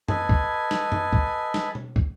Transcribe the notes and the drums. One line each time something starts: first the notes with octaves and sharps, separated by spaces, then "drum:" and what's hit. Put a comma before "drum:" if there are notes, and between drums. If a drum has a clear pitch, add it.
A4 B4 D#5 G#5 B5, drum: tom F#2
drum: kick
drum: snare
drum: tom F#2
drum: kick
drum: snare
drum: tom B2
drum: kick